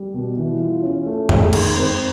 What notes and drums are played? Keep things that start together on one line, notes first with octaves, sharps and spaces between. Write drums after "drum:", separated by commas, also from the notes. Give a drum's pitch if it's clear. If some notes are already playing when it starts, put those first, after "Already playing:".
Already playing: G3
B2
E3
F4
C#4
A3
G#3, drum: tom F2
D#3, drum: cymbal
C4